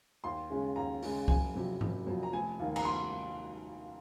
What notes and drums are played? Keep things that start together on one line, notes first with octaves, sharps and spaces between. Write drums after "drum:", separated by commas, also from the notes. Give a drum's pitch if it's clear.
D#2 C6
C#3 G#3 C#4
D#2 A#5
C#3 G#3 C#4, drum: open hi-hat
F#1 G#5, drum: kick
F2 C3 F#3
F#1, drum: tom G#2
F2 C3 F#3
A#5
F1 G#5
D#2 D#3 A#3
A#5, drum: cymbal
C6